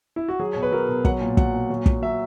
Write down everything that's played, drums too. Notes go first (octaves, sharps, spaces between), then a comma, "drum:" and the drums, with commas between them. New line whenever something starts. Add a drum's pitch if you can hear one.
E4
F#4
F#3 G#4
B2 C#5
B4
F#3 A#4
B2
F#3 F#5, drum: kick
A#2
F#3 F#5, drum: kick
A#2
F#3
A#2, drum: kick
F#3 E5